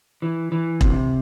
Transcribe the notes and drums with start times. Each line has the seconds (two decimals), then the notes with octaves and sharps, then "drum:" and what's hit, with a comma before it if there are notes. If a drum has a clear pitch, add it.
0.22 E3
0.52 E3
0.81 C3, drum: kick E1